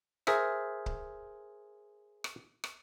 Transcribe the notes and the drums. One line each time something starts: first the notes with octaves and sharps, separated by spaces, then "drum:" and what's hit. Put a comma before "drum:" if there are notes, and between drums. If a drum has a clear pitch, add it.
G#4 A#4 C5 E5, drum: rim click
drum: kick C#1
drum: rim click
drum: rim click